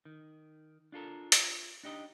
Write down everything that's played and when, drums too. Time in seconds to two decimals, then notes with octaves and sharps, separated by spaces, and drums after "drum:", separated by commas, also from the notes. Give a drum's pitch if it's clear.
0.05 D#3
0.92 D4 F4 A4 A#4
1.32 F4, drum: hi-hat
1.84 D4 D#4 G4 D#5